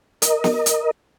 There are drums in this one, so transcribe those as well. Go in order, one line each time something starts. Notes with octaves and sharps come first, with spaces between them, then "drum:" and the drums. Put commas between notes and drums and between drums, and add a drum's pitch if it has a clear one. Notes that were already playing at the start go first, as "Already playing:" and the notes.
A#4 D#5, drum: hi-hat
drum: snare
drum: hi-hat